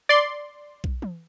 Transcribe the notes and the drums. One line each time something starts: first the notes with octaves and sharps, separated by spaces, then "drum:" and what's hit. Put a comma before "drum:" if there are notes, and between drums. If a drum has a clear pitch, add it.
D5 C6
drum: kick B1
drum: tom E3